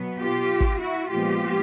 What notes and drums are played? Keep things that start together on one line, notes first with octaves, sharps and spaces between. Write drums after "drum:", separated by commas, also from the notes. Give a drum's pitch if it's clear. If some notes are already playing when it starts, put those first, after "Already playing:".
Already playing: B2 F#3 B3
F4 G4
drum: kick
E4 F#4
A#2 F3 G#3 B3 F4 G4